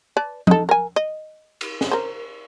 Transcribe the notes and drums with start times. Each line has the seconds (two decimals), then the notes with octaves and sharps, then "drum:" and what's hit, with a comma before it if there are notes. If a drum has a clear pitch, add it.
0.17 B4 D5 A5
0.47 D#4 A4, drum: tom F3
0.69 A#4 G#5
0.96 D#5
1.61 drum: cymbal
1.81 drum: snare
1.91 A#4 C5